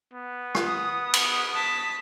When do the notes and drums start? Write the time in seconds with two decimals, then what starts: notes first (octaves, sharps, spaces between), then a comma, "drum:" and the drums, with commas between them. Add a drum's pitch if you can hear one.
0.13 B3
0.55 drum: rim click
0.66 D#6
1.14 drum: cymbal
1.55 A5 B6